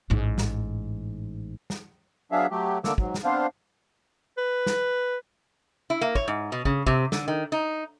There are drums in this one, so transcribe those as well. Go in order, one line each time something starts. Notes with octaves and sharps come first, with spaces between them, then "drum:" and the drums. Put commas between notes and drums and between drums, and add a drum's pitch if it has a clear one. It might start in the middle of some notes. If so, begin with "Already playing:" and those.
A1 G#2
drum: snare
drum: snare
F#3 B3 D4 G#4 E5 F5
F#3 A3 G4
D3 A3 A#3 D6 E6, drum: snare
G#2 F#3, drum: kick
drum: snare
B3 C4 D4 C5 F5
B4
drum: snare
E4
A#3
C#5, drum: kick
G#2
B2
C#3, drum: kick
C3, drum: kick
D3, drum: snare
D#3
D#4